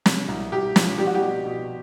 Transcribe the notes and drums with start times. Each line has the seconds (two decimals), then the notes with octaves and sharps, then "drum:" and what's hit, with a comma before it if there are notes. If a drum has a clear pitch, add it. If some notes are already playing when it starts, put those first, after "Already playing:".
0.06 C3, drum: snare
0.28 C2
0.52 C2 G4
0.76 F3, drum: snare
0.98 G3 G4
1.06 F#4
1.14 G4
1.22 B2
1.45 B2